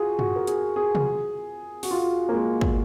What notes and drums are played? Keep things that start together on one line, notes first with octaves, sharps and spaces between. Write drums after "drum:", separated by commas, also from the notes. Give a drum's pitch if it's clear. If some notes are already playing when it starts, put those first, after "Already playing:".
Already playing: F4 F#4 G#4
F#4, drum: tom
A#4
G#4, drum: hi-hat
G#4
drum: tom
F#4, drum: open hi-hat
F4
A#3
G#3
drum: kick